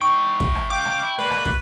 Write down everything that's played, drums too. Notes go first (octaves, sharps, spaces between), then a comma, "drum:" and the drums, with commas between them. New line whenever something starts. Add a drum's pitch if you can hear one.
D#4 E4 G5 C#6
drum: kick
drum: rim click
C#2 F5 G5 D6
drum: rim click
E4
G#3 A#3 B4 D5
drum: rim click
drum: kick